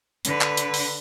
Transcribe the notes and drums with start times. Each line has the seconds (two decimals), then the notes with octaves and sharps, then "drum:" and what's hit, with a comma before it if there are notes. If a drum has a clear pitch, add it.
0.25 D3 B4, drum: hi-hat
0.41 drum: clap
0.57 drum: hi-hat
0.74 drum: open hi-hat